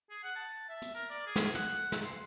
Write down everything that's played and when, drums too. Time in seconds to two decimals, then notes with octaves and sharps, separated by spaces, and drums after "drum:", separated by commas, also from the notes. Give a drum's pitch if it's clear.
0.10 G#4
0.23 F#5
0.36 A5
0.69 E5
0.82 drum: hi-hat
0.95 A#4
1.10 D5
1.26 G#4
1.36 drum: snare
1.55 F#5, drum: tom
1.92 drum: snare
2.05 C6